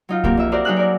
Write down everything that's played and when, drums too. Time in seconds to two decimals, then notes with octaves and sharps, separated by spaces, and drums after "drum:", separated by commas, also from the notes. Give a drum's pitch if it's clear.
0.09 F#3 D#4 F4
0.24 A#3 C4 G4 A#4, drum: kick
0.37 F2 E5
0.52 F#4 G4 A#4 C5 D5
0.65 F#3 D#4 G4 G#4 E6 F#6
0.77 A#4 D5